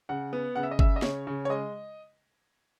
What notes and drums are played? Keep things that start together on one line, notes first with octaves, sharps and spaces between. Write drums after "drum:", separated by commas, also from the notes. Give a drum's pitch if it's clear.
C#3 F#5
B3
C#3 F#5
E5
D#5
C#3 E5, drum: kick G1
D#5
C#3 C#5, drum: snare
C#3
C#5
G#3 D#5